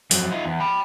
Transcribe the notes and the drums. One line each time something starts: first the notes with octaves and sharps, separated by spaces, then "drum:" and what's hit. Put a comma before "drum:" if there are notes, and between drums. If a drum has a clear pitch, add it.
F2 F#3, drum: open hi-hat
D#4 F4
E2
G5 B5